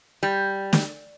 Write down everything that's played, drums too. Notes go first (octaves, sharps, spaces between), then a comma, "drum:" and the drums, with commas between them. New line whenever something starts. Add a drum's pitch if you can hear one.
G3
drum: snare